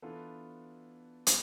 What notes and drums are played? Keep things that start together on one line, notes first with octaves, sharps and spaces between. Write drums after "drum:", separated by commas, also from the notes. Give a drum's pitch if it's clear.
E3 B3 D4 F4 A4
G3 B3, drum: hi-hat